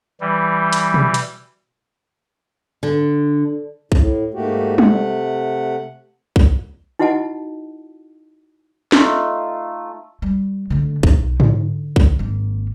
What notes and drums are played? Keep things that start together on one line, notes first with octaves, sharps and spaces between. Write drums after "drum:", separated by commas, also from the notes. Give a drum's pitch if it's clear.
E3 G3
drum: hi-hat
drum: tom B2
drum: hi-hat
D3
A2, drum: kick
G#2 A3 A#3 F#4 G4
C3 A3 F#5, drum: tom G3
drum: kick
D#4 E4 F#4 D#5 F#5 A5
A3 D#4 F4, drum: snare
G3
D3 A3
B1 D#4, drum: kick
D3, drum: tom G#2
drum: kick
G#1 A#3